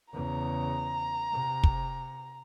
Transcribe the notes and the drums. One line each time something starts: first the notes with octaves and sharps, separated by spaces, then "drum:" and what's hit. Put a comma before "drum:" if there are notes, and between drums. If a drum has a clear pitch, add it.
E2 C#3 A#5
C3
drum: kick